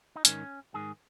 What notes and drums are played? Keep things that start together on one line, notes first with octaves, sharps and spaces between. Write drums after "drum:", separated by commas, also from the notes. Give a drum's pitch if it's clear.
D#4
G#2 D#3 C#4, drum: hi-hat
G#2 D#3 G#4